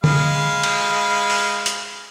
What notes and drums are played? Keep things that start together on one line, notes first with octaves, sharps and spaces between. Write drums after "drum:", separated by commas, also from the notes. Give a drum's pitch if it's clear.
G#3 F5 B5, drum: tom D3
drum: cymbal
drum: open hi-hat
drum: hi-hat